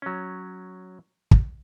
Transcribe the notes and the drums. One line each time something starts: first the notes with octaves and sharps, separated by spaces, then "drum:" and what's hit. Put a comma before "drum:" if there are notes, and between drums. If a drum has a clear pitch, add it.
F#3 C#4
drum: kick